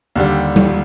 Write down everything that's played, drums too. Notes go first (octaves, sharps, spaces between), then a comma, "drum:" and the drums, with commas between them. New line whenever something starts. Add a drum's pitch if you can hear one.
D#2 D3 G3
drum: tom G3